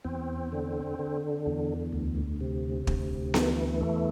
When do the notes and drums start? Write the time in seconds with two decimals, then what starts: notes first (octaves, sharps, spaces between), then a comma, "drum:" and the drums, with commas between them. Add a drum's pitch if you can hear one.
0.04 E2 C4
0.52 D3
0.99 D3
1.46 E2
1.93 D2
2.41 C3
2.87 D2, drum: kick
3.34 E3, drum: snare B3
3.81 E2 A3